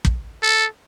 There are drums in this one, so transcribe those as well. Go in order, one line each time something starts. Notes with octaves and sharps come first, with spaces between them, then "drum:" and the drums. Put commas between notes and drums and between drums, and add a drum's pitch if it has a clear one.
drum: kick
A4